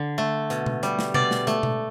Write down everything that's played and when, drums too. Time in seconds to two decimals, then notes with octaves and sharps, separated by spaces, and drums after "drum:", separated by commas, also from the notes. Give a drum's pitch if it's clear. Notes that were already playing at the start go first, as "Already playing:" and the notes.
Already playing: D3
0.18 A3
0.50 B2, drum: hi-hat
0.66 drum: tom B2
0.83 G3, drum: hi-hat
0.99 drum: snare
1.14 B2 D5, drum: tom C3
1.31 drum: snare
1.47 A3, drum: hi-hat
1.63 drum: tom B2